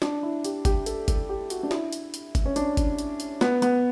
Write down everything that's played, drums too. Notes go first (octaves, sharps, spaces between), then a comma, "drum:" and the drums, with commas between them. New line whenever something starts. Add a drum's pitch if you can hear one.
D4, drum: snare
E4
G4, drum: hi-hat
G4, drum: kick G1, hi-hat
A4, drum: hi-hat
A4, drum: kick G1, hi-hat
G4
F#4, drum: hi-hat
D4
E4, drum: snare
drum: hi-hat
drum: hi-hat
drum: kick G1, hi-hat
C#4
D4, drum: hi-hat
drum: kick G1, hi-hat
drum: hi-hat
drum: hi-hat
B3, drum: snare
B3, drum: hi-hat